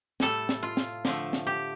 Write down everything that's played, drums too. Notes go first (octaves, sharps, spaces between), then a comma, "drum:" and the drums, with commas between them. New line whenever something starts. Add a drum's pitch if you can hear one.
A2 G3 A4, drum: snare
drum: snare
F4
drum: snare
D3 F3 A3, drum: snare
drum: snare
G4